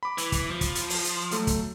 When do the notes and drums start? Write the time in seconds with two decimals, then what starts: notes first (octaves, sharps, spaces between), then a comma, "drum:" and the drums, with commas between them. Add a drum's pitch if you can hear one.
0.03 B5 D6
0.18 E3, drum: hi-hat
0.32 drum: kick, hi-hat
0.51 F3
0.61 drum: kick, hi-hat
0.75 drum: hi-hat
0.90 drum: open hi-hat
1.04 drum: hi-hat
1.31 F#3 A3, drum: hi-hat
1.47 drum: kick, hi-hat